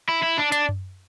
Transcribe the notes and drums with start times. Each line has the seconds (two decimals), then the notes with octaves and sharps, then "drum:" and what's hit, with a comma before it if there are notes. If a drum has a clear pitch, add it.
0.09 E4
0.23 E4
0.38 D4
0.52 D4, drum: hi-hat
0.69 drum: tom F#2